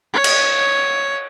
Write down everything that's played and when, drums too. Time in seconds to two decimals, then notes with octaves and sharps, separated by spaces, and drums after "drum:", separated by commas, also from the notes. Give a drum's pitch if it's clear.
0.14 C#5
0.24 drum: cymbal